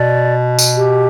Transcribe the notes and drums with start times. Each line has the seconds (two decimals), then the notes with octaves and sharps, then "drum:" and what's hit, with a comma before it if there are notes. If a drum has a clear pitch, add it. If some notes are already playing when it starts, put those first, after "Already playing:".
Already playing: B2 D5
0.59 drum: tambourine
0.76 G4